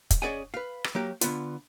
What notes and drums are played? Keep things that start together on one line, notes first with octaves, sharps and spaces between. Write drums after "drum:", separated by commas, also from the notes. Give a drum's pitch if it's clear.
drum: kick, hi-hat
C#4 G#4 D5 D#5 F#5 G#5
B4 F5
drum: rim click
F#3 A#3 G4
D3 B3 F4, drum: hi-hat